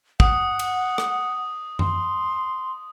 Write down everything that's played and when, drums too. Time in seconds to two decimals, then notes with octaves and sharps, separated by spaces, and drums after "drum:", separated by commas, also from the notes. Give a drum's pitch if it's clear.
0.20 F#5 D#6, drum: kick
0.59 drum: cymbal
0.98 drum: rim click
1.79 C6, drum: tom F#2